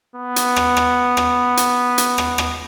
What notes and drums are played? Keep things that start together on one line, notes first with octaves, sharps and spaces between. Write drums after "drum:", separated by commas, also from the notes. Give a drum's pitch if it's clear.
B3
drum: hi-hat
drum: rim click
drum: rim click
drum: rim click
drum: hi-hat
drum: hi-hat
drum: rim click
drum: rim click